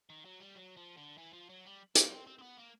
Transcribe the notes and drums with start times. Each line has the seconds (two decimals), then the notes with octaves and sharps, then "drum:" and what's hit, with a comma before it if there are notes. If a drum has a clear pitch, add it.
0.10 D#3
0.25 F#3
0.40 G3
0.56 F#3
0.77 F3
0.97 D3
1.18 E3
1.33 F3
1.49 F#3
1.65 G3
1.95 A#3, drum: hi-hat
2.12 C4
2.27 C4
2.39 C4
2.42 B3
2.57 A#3